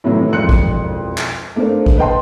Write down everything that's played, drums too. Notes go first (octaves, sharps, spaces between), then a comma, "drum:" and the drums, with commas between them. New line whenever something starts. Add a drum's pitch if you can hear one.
A2 C3 D#3 E3 F#3
E1 F2 C6 F#6 C#7
drum: kick A1
drum: clap
A3 A#3 D4 A#4 C5
drum: kick A1
B4 D#5 G5 A5 C6